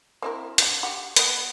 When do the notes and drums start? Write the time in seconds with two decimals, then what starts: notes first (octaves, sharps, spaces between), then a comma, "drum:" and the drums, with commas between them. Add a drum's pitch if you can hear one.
0.22 C4 E4 A#4
0.58 D3 E3, drum: hi-hat
0.83 G4 F#5
1.16 B3 B4, drum: hi-hat